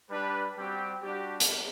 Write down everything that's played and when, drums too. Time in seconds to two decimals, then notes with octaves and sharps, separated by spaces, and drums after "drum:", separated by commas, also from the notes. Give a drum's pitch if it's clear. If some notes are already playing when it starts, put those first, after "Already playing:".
0.09 G3 D4 G4 B4
0.56 G3 C4 F#4 G4
1.02 G3 D4 F#4 G4
1.40 drum: hi-hat